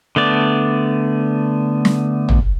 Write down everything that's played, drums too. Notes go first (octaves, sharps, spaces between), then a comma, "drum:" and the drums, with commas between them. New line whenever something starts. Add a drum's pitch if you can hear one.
D3 A3 B3 D5
drum: snare
drum: tom